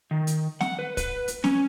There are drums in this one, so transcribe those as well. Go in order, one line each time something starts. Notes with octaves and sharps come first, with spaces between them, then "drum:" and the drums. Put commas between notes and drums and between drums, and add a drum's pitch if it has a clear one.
D#3
drum: hi-hat
F#5, drum: snare
B4
B4, drum: kick, hi-hat
drum: hi-hat
C#4, drum: snare